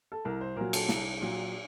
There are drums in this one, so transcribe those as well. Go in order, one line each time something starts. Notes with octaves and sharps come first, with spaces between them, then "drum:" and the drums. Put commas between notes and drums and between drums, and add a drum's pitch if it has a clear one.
A4
C2 A#4
C5
A#2 F#3 A#4
A4, drum: cymbal
C2, drum: snare
A#2 F#3